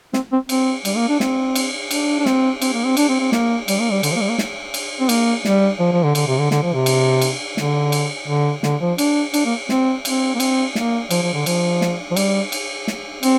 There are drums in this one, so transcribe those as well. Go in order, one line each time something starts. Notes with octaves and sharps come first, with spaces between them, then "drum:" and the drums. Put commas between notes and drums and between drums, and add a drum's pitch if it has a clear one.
C4, drum: snare
C4
C4, drum: cymbal
G3, drum: cymbal
A#3
D4
C4, drum: snare
drum: cymbal
D4, drum: cymbal
D4
C4, drum: snare
C4, drum: cymbal
A#3
C4
D4, drum: cymbal
C4
C4
A#3, drum: snare
G3, drum: cymbal
A#3
G3
D3, drum: cymbal
F3
A#3
G3
A#3
drum: snare
drum: cymbal
C4
A#3, drum: cymbal
G3, drum: snare
F3
F3
D3
D3, drum: cymbal
C3
D3
D3, drum: snare
F3
C3
drum: cymbal
drum: cymbal
D3, drum: snare
drum: cymbal
D3
D3, drum: snare
F3
D4, drum: cymbal
D4, drum: cymbal
A#3
C4, drum: snare
C4, drum: cymbal
A#3
C4, drum: cymbal
A#3, drum: snare
F3, drum: cymbal
F3
D3
F3, drum: cymbal
drum: snare
F3
G3, drum: cymbal
drum: cymbal
drum: snare
C4, drum: cymbal